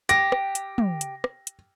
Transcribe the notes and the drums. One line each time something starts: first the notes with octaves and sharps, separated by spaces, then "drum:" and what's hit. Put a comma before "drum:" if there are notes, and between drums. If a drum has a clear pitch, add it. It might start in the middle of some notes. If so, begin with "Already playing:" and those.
G4 A#6, drum: hi-hat
drum: rim click
drum: hi-hat
drum: tom
drum: hi-hat
drum: rim click
drum: hi-hat